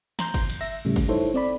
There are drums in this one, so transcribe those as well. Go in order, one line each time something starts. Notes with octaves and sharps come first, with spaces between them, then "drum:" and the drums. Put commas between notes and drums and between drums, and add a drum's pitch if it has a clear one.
A#5 C6 G6, drum: snare
drum: kick G1, cymbal
drum: cymbal
E5 E6 A#6
A2 C#3 G3 A3
drum: kick G1, cymbal
D#4 E4 A4 C5 C#5
C4 D5 B5